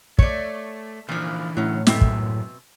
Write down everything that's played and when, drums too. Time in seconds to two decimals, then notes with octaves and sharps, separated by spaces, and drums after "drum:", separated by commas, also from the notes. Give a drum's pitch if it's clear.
0.19 A3 C#5 D5, drum: kick
1.09 A#2 D3 E3 F3
1.57 A2 F#3 C#4
1.87 C#2 F#2 B2 C4 E5, drum: snare
2.01 drum: kick